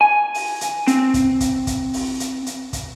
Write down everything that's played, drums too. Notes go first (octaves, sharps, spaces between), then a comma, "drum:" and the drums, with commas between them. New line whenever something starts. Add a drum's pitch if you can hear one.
G#5
drum: open hi-hat
drum: hi-hat
C4, drum: hi-hat
drum: kick, hi-hat
drum: kick, hi-hat
drum: kick, hi-hat
drum: open hi-hat
drum: hi-hat
drum: hi-hat
drum: kick, hi-hat